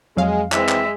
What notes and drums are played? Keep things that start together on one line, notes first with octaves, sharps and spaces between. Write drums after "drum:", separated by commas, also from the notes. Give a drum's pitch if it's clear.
F2 F#3 G#3 F5
E3 G#3 C4 E5, drum: clap
drum: clap